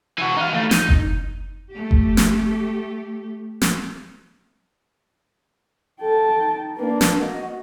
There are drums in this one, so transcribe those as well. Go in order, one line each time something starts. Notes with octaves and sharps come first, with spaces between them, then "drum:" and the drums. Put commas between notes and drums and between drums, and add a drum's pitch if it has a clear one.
E3 F#4
D#4 F5
E3 A3
D#4, drum: snare
drum: kick F#1
A3 G4
drum: kick F#1
drum: snare
drum: snare
A4 G5 A5
D#4
A#3 D4 B4
drum: snare
F#4 D#5